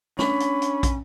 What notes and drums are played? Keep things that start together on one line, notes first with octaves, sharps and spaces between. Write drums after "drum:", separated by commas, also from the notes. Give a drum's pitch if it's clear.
C#4 D4 C#5 B5, drum: snare
drum: hi-hat
drum: hi-hat
drum: kick, hi-hat